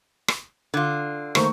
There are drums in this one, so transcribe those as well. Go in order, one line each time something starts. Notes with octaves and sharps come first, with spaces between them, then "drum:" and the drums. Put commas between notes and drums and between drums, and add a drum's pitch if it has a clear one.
drum: rim click
D3 F4
D#3 A3 A#3 C5 C#6, drum: rim click